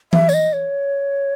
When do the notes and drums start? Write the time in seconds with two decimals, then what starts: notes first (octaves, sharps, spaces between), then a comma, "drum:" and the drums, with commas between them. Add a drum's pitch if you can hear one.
0.13 E5, drum: tom E3
0.29 C#5, drum: tambourine
0.34 D#5
0.53 C#5